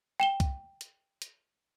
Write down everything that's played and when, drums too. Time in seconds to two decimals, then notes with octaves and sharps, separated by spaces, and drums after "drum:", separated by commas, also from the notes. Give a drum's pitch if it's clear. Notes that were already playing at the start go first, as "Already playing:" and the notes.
0.20 G5 E7 G7
0.40 drum: kick C2, hi-hat
0.81 drum: hi-hat
1.22 drum: hi-hat